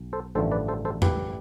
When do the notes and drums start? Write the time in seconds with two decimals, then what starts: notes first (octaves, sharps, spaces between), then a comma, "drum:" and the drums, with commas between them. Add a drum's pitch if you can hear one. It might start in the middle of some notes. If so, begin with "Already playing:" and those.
Already playing: B1
0.13 A4 C5
0.35 A1 G2 D3 F3 A3 A4 C5
0.52 B4 D5
0.68 A4 C5
0.85 A4 C5
1.02 G4 B4, drum: tom E2